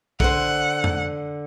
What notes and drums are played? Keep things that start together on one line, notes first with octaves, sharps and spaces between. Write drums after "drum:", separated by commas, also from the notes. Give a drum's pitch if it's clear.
D3 C5 F#5, drum: kick B1
drum: tom F2